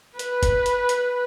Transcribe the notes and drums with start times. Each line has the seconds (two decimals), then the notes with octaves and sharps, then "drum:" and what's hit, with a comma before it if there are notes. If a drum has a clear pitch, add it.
0.19 B4, drum: hi-hat
0.43 drum: kick G1, hi-hat
0.66 drum: hi-hat
0.89 drum: hi-hat